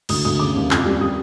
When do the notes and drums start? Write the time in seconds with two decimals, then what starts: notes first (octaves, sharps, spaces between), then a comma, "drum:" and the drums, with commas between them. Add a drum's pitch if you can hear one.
0.09 D2 D#6, drum: cymbal
0.25 D2 D#6
0.39 C#3 D6
0.55 D#2
0.71 F2, drum: clap
0.85 G3
1.01 G3 D#6